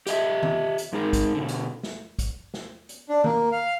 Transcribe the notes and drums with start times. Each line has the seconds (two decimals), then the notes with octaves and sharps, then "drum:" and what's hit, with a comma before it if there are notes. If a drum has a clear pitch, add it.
0.07 G4 D#5 E5, drum: hi-hat
0.43 drum: tom D#3
0.78 drum: hi-hat
0.93 G#2 G#3 D#4 G#4 A#4
1.13 drum: kick, hi-hat
1.35 B2 D3
1.48 drum: hi-hat
1.83 drum: snare
2.19 drum: kick, hi-hat
2.54 drum: snare
2.89 drum: hi-hat
3.09 D4
3.24 A#3, drum: tom D#3
3.52 F5